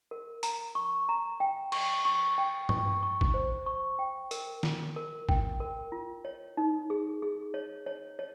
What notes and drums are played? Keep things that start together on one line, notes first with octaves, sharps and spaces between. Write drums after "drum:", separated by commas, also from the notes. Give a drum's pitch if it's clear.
A#4
A#5, drum: hi-hat
C#6
A#5
G5
C#6, drum: cymbal
C#6
G5
C#6, drum: tom
C#6
drum: kick
C5
C#6
G5
A#4, drum: hi-hat
F4, drum: snare
A#4
G5, drum: kick
A#4
F4
C#5
D#4
G#4
G#4
C#5
C#5
C#5